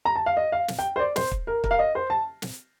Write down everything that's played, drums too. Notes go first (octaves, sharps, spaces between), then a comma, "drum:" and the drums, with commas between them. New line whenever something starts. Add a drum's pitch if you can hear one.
A#5
A5
F5
D#5
F5
drum: snare
G5
C5
D5
C5, drum: snare
drum: kick
A#4
A#4, drum: kick
F5
D#5
C5
A5
drum: snare